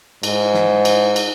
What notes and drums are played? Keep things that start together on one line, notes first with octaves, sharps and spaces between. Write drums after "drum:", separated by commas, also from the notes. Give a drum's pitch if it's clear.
G#2, drum: cymbal
drum: snare
drum: cymbal
drum: cymbal